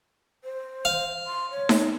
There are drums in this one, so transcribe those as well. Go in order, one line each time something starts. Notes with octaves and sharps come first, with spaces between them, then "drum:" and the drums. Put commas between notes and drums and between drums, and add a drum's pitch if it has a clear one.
C5
F5
C6
C#5
drum: snare D#4